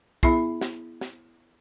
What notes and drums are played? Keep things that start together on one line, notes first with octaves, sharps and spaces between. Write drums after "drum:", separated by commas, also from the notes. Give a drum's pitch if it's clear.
B3 E4 G#4 E5 B5, drum: kick
drum: snare
drum: snare